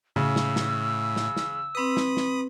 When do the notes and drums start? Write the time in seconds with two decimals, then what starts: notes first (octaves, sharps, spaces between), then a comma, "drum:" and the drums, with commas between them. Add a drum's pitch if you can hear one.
0.16 A2 C#3 E6
0.36 drum: snare
0.56 drum: snare
1.16 drum: snare
1.37 drum: snare
1.75 C4 B4 B5 D#6
1.97 drum: snare
2.17 drum: snare